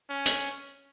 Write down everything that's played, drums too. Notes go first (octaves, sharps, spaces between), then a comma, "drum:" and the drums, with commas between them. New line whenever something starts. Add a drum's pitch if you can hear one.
C#4
drum: hi-hat